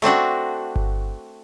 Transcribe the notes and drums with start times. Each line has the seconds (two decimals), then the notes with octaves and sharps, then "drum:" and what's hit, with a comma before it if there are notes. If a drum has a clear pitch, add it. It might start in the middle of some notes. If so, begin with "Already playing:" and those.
0.02 A3 C4 D4 F#4
0.76 drum: kick G1